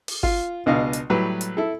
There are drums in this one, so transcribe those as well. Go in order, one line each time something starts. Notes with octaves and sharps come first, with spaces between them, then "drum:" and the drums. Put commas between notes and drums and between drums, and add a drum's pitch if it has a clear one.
drum: open hi-hat
F4, drum: kick G1
C#2 B2 D4 D#5 F5
drum: hi-hat
A2 F#3 G3 B4
drum: hi-hat
E4 A4